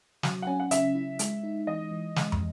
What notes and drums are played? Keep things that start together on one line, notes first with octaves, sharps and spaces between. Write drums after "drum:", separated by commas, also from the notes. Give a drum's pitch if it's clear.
F#3, drum: snare
F#5
C#4 G#5
F#5
C#3 E5, drum: hi-hat
E4
G#3, drum: hi-hat
D#4
E3 D#5
E3
G#3, drum: snare
drum: tom